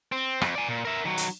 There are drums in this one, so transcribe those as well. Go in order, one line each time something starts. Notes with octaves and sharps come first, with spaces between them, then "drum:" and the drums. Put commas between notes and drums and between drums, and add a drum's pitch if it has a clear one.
C4
F2, drum: rim click
D5 G#5
A#2
A#4 E5
D#3 F#3
drum: hi-hat